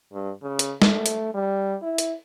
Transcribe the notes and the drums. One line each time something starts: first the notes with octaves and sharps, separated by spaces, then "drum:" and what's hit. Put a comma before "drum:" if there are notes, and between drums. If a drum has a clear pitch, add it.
G2
C#3
drum: hi-hat
A3, drum: snare
drum: hi-hat
G3
E4
drum: hi-hat